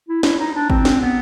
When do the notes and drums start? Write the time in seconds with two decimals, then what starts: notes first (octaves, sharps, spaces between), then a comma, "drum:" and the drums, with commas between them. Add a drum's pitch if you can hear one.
0.08 E4
0.23 E4, drum: snare
0.39 D#4
0.54 D4
0.70 C4, drum: kick G#1
0.85 drum: snare
1.00 B3